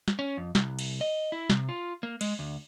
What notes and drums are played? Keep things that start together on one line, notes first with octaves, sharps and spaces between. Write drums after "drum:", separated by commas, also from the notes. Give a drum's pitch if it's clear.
drum: snare
C#4
F2
C2, drum: snare
drum: cymbal
D#5
E4
C3, drum: snare
F4
A#3
G#3, drum: cymbal
D2